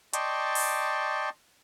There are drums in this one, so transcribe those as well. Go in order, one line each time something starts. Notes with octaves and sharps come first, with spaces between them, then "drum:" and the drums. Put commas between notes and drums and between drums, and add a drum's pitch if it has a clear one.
D5 D#5 G5 A5 C6 C#6, drum: hi-hat
drum: open hi-hat